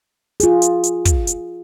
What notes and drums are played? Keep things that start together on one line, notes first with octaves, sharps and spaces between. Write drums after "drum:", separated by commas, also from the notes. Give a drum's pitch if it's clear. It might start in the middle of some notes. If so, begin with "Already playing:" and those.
F4 G#4, drum: hi-hat
drum: hi-hat
drum: hi-hat
drum: kick, hi-hat
drum: hi-hat